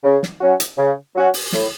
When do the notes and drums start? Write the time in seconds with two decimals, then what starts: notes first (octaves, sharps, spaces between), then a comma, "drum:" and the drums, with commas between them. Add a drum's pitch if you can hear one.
0.04 C#3
0.23 drum: snare
0.41 F#3 C#4 F#4
0.60 drum: hi-hat
0.78 C#3
1.15 F#3 C#4 F#4
1.34 drum: open hi-hat
1.52 A2, drum: snare